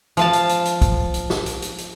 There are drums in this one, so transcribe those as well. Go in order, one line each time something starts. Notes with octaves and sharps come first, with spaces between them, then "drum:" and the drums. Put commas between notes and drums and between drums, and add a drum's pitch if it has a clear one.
F3 F5 A5, drum: hi-hat
drum: hi-hat
drum: hi-hat
drum: hi-hat
drum: kick, hi-hat
drum: hi-hat
drum: snare
drum: hi-hat
drum: hi-hat
drum: hi-hat